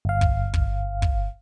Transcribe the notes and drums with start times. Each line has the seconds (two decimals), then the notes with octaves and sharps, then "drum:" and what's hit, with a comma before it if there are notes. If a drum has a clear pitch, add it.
0.05 G1 F5
0.21 drum: kick
0.54 drum: kick
1.02 drum: kick